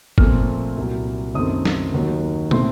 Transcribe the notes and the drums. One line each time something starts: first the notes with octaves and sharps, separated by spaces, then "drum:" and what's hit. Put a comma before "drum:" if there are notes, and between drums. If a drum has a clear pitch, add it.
A#2 F3 A3 C4 F6, drum: kick G1
C2 A#2 F#3
F#2 D#3 A3 C4 D#6
drum: snare
D#2 D#3 F#3
A2 A3 C4 C6, drum: tom